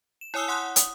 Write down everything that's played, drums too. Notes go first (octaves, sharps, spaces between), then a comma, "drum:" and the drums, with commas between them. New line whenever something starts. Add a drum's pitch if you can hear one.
E7
E4 C#5 G#5 D#6 E6 G7
F#5 C6 D#6 F#6
D#6, drum: hi-hat